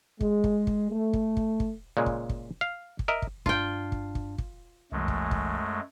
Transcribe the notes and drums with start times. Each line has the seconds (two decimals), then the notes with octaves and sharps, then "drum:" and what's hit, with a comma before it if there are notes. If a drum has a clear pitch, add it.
0.21 G#3, drum: kick
0.44 drum: kick
0.67 drum: kick
0.92 A3
1.13 drum: kick
1.37 drum: kick
1.60 drum: kick
1.97 A#2 C#3 G#3
2.06 drum: kick
2.29 drum: kick
2.61 F5
2.99 drum: kick
3.08 A#4 D#5 E5
3.22 drum: kick
3.46 G2 D4 F4 G5 A5, drum: kick
3.92 drum: kick
4.15 drum: kick
4.38 drum: kick
4.92 C2 F#2 E3 G#3 A3
5.08 drum: kick
5.31 drum: kick